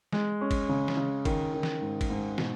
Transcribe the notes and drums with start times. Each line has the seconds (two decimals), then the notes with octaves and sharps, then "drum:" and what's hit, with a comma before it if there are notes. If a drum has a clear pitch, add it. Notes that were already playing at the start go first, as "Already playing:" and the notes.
0.13 G#3, drum: snare
0.41 C#4
0.51 drum: kick, cymbal
0.69 C#3
0.88 drum: snare
0.97 C#3
1.25 D#3, drum: kick, cymbal
1.54 D#3
1.63 drum: snare
1.82 G#2
2.01 drum: kick, cymbal
2.10 G#2
2.38 B2, drum: snare